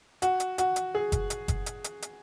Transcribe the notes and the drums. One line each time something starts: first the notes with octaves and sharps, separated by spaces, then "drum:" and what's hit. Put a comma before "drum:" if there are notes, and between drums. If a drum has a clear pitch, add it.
F#4, drum: hi-hat
drum: hi-hat
F#4, drum: hi-hat
drum: hi-hat
G#4
drum: kick F#1, hi-hat
drum: hi-hat
drum: kick F#1, hi-hat
drum: hi-hat
drum: hi-hat
drum: hi-hat